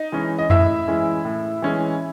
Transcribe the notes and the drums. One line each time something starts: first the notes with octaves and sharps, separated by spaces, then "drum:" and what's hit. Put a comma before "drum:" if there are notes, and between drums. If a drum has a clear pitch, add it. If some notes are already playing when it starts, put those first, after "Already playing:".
Already playing: D#4 D#5
E3 G#3 C#4
D#5
A2 E4 E5, drum: tom F2
E3 G#3 C#4
A2
E3 G#3 C#4